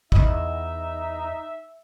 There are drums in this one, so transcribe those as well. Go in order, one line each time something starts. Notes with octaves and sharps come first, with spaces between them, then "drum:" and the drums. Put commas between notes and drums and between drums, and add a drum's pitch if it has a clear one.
E2 D#4 E4 D#5 E5, drum: kick